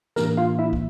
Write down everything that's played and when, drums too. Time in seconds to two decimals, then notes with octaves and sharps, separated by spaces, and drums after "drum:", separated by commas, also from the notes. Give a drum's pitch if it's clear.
0.16 A2 E3 A#3 D4 A#4, drum: snare
0.37 F4 F5
0.59 E4 E5
0.73 drum: kick